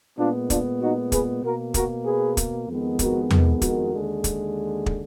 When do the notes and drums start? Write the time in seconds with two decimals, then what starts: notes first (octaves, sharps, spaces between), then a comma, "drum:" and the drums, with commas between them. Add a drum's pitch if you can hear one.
0.18 A#2 G#3 B3 D4 F4
0.50 D4 F4, drum: kick, hi-hat
0.81 D#4 F#4
1.12 G#4 B4, drum: kick, hi-hat
1.43 B2 A#3 F#4 A#4
1.74 F#4 A#4, drum: kick, hi-hat
2.05 G#4 B4
2.37 drum: kick, hi-hat
2.68 F2 D#3 G#3 B3
2.99 F#4 A#4, drum: kick, hi-hat
3.31 drum: tom E2
3.62 F#4 A#4, drum: kick, hi-hat
3.93 D#2 D3 G#3
4.24 drum: kick, hi-hat
4.86 drum: kick